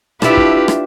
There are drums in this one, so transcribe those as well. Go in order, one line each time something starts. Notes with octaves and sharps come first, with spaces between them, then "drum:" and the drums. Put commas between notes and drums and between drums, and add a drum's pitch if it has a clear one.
D4 E4 F4 G4 B4, drum: rim click
drum: kick
drum: rim click